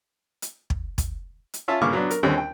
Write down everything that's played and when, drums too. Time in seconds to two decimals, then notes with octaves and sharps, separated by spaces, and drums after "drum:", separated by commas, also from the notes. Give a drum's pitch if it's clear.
0.42 drum: hi-hat
0.70 drum: kick
0.98 drum: kick, hi-hat
1.54 drum: hi-hat
1.68 C#4 F4 E5 A5
1.81 G2 A#2 C#3 C#6 D6 F6
1.93 F#3 B3 D4
2.11 A#4, drum: hi-hat
2.23 D#2 D3 G3 C4 C#4
2.38 G5